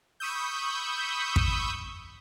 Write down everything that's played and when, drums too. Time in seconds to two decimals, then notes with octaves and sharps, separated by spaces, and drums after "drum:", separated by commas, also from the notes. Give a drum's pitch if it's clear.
0.20 B5 C#6 D#6 E6 G6
1.36 drum: kick